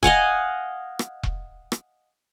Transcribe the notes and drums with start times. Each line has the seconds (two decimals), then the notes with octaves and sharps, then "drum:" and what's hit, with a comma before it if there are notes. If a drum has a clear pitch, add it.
0.03 D#5 F5 F#5 G#5, drum: kick E1
0.99 drum: rim click
1.23 drum: kick E1
1.72 drum: rim click